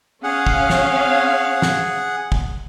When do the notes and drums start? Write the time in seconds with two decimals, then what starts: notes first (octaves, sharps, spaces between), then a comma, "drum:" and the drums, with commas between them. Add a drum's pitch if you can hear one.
0.23 C#4 G#4 F5 F#5
0.47 drum: kick
0.70 drum: snare
1.62 drum: snare
2.32 drum: kick